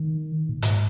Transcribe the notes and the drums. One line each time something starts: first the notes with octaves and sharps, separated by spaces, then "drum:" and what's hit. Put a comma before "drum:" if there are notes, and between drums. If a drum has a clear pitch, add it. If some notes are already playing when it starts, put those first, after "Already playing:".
Already playing: D#3
A#2
G#2, drum: hi-hat